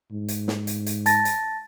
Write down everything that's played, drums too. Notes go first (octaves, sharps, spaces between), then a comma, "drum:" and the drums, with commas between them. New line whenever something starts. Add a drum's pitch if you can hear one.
G#2
drum: hi-hat
drum: snare
drum: hi-hat
drum: hi-hat
A5 A6 A#6, drum: hi-hat
drum: hi-hat